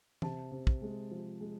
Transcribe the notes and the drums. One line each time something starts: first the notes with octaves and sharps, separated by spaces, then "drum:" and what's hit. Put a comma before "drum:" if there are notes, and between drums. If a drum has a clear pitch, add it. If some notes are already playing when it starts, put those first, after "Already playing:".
C3 A5, drum: tom E3
C3
drum: kick
G#3
F3
G#3